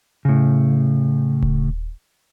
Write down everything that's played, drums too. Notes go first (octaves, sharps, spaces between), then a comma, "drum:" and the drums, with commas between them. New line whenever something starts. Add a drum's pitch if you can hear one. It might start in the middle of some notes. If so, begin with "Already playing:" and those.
A2 C#3
drum: kick D#1